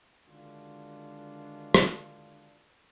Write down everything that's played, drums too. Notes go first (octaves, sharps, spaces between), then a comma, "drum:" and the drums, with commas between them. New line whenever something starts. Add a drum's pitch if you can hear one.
D3 D#3 G#3 D4 F4 F#4
drum: rim click